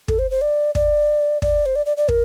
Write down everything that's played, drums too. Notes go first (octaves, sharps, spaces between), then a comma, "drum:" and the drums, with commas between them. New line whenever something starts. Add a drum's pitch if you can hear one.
A4, drum: kick
C5
C5
D5
D5, drum: kick
D5, drum: kick
C5
D5
D5
D5
A#4, drum: kick